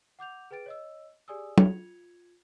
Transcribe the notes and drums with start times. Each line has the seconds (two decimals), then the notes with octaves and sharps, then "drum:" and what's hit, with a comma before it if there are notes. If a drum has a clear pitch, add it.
0.19 F#5 D6 G6 F7
0.51 G#4 B4 G5 A6 D7
0.66 C#5 D#5 E6
1.28 G4 G#4 D5 G#5 D#6 E6
1.58 F4 G#6 C#7 F7, drum: tom